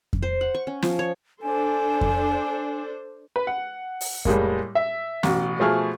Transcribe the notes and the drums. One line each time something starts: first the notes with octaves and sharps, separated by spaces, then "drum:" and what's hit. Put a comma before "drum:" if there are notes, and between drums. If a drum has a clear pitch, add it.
drum: kick F2
C5
F#5
C#6
C#4
F3, drum: snare
C#5
D4 A4 C5 G#5
drum: kick F2
B4
F#5
drum: open hi-hat
A2 G3 G#3 A#3, drum: kick F2
E5
A1 B2, drum: snare
B2 F3 A3 G#4 F6